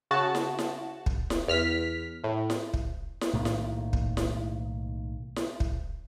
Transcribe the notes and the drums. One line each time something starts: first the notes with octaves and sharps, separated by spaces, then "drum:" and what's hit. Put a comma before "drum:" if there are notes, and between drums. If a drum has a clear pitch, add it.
C#3 F#4 A5
drum: snare E4
drum: snare E4
drum: kick
drum: snare E4
E2 F6 B6
A2
drum: snare E4
drum: kick
drum: snare E4
B1 A2 D#3 A#3
drum: snare E4
drum: kick
drum: snare E4
drum: snare E4
drum: kick